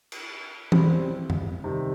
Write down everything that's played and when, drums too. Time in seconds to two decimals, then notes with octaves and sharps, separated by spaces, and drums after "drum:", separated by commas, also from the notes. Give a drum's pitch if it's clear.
0.12 drum: cymbal
0.72 G3 C4 E4, drum: tom E3
1.30 drum: tom F#2
1.64 C3 D#3 G3